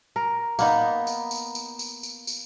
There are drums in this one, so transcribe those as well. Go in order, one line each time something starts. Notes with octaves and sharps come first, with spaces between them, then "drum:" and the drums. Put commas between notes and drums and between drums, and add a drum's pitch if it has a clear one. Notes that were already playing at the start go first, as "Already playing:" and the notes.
A#4
A#3 B3 D#4, drum: tambourine
drum: tambourine
drum: tambourine
drum: tambourine
drum: tambourine
drum: tambourine
drum: tambourine